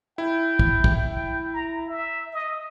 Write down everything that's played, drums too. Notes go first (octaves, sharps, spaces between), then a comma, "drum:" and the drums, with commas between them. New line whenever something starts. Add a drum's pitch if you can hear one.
E4 G5
drum: kick
drum: kick
G5
A#5
E5
D#5